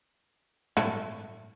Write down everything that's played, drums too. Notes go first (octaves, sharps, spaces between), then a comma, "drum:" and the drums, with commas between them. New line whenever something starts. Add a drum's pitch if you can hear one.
A3, drum: tom